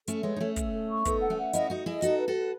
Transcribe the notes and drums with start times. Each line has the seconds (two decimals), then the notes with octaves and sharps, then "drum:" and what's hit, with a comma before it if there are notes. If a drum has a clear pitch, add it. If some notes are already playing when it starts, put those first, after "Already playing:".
0.08 A3 C#4 A4, drum: hi-hat
0.23 G#3 B3 C#5
0.36 D#4
0.40 A3 C#4 A4
0.56 A4, drum: kick, hi-hat
0.73 A4
0.89 C#6
1.05 B3 D#4 A4, drum: kick, hi-hat
1.21 F#5
1.30 A3 C#4
1.38 F#5
1.53 C#4 E4 D#5, drum: hi-hat
1.70 D#4 F#4 D#5
1.86 E4 G#4 D#5
2.02 D#4 F#4 A4, drum: hi-hat
2.19 B4
2.28 F#4 A4
2.35 B4